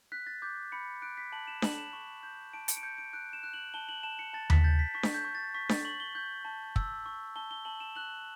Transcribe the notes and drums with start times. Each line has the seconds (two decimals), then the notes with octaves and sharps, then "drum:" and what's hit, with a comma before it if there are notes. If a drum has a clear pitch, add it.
0.12 F#6 B6
0.27 A6
0.42 D6 G6
0.72 B5 C#7
1.02 F#6 D7
1.17 B6
1.32 A5 F#7
1.47 E7
1.62 A5 F#7, drum: snare D4
1.78 E7
1.93 C#6
2.23 G6
2.53 A5 D7
2.68 C#7, drum: hi-hat
2.77 D7
2.83 G6 C#7
2.98 D7
3.13 F#6 D7
3.33 E7
3.43 F#6
3.54 F#7
3.74 A5 G7
3.89 F#7
4.03 A5 E7
4.19 C#7
4.33 A5 A6
4.50 B6, drum: tom D#2
4.64 G6 A6
4.79 B6
4.94 C#6 B6
5.03 drum: snare D4
5.14 G6
5.24 C#6
5.35 A6
5.54 C#6 B6
5.69 A6, drum: snare D4
5.85 C#6 F#7
6.00 G7
6.15 G6
6.45 A5
6.76 E6, drum: kick
7.06 C#6
7.36 A5 G7
7.51 G7
7.65 A5 F#7
7.80 E7
7.96 F#6 F#7